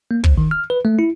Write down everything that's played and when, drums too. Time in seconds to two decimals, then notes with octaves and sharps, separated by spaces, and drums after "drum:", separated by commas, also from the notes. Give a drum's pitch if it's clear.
0.11 A#3
0.24 D2, drum: kick
0.38 D#3
0.51 F6
0.70 B4
0.85 A3
0.99 E4